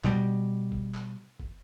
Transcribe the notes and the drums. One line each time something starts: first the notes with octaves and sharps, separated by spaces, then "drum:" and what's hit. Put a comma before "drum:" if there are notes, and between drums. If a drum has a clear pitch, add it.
B2 G3, drum: clap
drum: kick F#1
drum: clap
drum: kick F#1